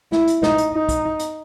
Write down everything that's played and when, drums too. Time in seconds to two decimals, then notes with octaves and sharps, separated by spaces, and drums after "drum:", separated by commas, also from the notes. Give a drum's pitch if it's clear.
0.12 E4, drum: snare
0.27 drum: hi-hat
0.43 D#4, drum: snare
0.58 drum: hi-hat
0.73 D#4
0.89 drum: kick, hi-hat
1.19 drum: hi-hat